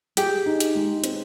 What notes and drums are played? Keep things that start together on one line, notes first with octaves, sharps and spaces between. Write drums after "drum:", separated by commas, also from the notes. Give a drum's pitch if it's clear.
G4 G#4, drum: hi-hat
D#4
drum: hi-hat
G#3
C4, drum: hi-hat